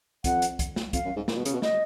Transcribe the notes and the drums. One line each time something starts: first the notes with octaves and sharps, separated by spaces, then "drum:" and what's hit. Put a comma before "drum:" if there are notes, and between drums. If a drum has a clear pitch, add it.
F2 F#5, drum: kick, hi-hat
drum: hi-hat
drum: kick, hi-hat
drum: snare
F2 F5, drum: kick, hi-hat
F#2
G#2
A#2, drum: snare
B2
C#3, drum: hi-hat
B2
D#5, drum: snare